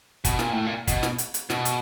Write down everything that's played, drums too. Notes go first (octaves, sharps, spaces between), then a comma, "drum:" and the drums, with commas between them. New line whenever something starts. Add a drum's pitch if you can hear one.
B2, drum: kick, hi-hat
A#2, drum: snare
A2
A#2
B2, drum: kick, hi-hat
drum: snare
drum: hi-hat
drum: hi-hat
B2, drum: snare
drum: hi-hat